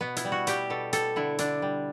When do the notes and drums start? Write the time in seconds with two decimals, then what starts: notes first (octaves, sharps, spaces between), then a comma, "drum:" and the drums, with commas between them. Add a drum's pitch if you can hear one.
0.01 B2 B3
0.16 E4, drum: hi-hat
0.25 G3
0.32 F#4
0.47 G3 G4, drum: hi-hat
0.70 B2 A4
0.93 G3 A4, drum: hi-hat
1.16 D3 E4
1.38 D3 D4, drum: hi-hat
1.62 G3